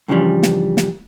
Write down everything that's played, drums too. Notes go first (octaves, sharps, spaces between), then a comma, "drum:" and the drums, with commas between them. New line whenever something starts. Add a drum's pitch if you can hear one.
G2 C#3 E3 F3 G3
drum: snare
drum: snare